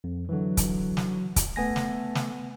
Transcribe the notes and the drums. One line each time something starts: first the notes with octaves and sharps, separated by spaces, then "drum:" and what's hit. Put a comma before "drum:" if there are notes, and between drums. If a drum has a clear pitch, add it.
F2
D3 E3 F#3
drum: kick C#1, hi-hat
drum: snare
drum: kick C#1, hi-hat
A3 B3 G#5 A#6
drum: snare
drum: snare